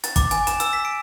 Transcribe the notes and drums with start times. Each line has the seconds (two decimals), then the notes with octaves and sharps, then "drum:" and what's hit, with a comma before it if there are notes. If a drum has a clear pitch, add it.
0.04 A6, drum: hi-hat
0.16 D6, drum: kick, hi-hat
0.31 G#5, drum: hi-hat
0.47 E7, drum: hi-hat
0.60 E6, drum: hi-hat
0.73 B6
0.85 D7